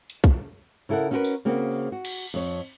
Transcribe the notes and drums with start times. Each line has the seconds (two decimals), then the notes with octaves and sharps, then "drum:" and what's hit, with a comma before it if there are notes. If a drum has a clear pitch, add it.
0.10 drum: hi-hat
0.24 drum: kick
0.89 C#3 E4 A4 A#4 F#5
1.11 C#4 E4 F#4 G4 A#4 B4
1.24 drum: tambourine
1.45 C#3 A#3 C4 F#4
1.92 F#4
2.05 drum: cymbal
2.34 F2 C#5